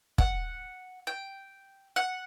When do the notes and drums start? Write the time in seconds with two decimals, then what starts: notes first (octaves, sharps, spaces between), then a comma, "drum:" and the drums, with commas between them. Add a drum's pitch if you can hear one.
0.18 F#5, drum: kick
1.07 G5
1.96 F#5